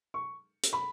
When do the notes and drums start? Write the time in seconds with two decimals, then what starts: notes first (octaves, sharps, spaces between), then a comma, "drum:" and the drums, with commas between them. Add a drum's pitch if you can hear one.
0.14 C#6
0.63 drum: hi-hat
0.73 B5